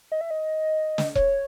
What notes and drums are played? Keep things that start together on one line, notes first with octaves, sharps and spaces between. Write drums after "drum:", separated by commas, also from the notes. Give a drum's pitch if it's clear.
D#5
E5
D#5
drum: snare
C#5, drum: kick E1